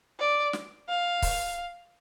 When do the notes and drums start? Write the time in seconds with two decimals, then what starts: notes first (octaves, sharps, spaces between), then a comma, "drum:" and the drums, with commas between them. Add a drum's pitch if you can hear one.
0.19 D5
0.53 drum: snare
0.88 F5
1.22 drum: kick C#1, open hi-hat